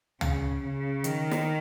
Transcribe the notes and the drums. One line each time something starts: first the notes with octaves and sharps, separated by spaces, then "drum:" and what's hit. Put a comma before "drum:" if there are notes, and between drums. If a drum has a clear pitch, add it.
C#3, drum: tom
C#3
D#3, drum: hi-hat
drum: snare